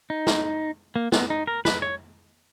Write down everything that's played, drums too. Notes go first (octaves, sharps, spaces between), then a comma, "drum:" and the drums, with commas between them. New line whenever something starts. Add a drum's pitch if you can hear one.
D#4
drum: snare
A#3
B3, drum: snare
D#4
A#4
B4, drum: snare
C#5